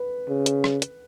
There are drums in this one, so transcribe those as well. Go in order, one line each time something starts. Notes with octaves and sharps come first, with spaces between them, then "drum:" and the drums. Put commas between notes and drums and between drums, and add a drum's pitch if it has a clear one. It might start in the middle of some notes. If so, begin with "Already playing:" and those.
Already playing: B4
C#3
drum: hi-hat
drum: rim click
drum: hi-hat